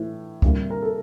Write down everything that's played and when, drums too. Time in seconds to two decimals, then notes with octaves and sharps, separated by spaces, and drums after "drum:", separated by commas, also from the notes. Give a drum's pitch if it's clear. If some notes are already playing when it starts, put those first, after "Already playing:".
Already playing: A2 E3 A3
0.42 D2 C3 G3 A#3, drum: kick
0.70 A#4
0.82 A4